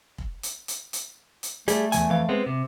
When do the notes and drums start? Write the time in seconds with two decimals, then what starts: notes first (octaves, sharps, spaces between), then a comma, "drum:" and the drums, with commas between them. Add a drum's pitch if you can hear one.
0.18 drum: kick
0.43 drum: hi-hat
0.68 drum: hi-hat
0.93 drum: hi-hat
1.43 drum: hi-hat
1.68 G3 A3 G#4, drum: hi-hat
1.92 E2 E3 G#5, drum: hi-hat
2.09 F2 E3 F5
2.29 G#3 B3 C4
2.47 C3